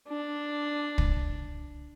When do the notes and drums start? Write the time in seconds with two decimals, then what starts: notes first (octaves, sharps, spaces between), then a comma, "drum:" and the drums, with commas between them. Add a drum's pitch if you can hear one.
0.08 D4
0.98 drum: kick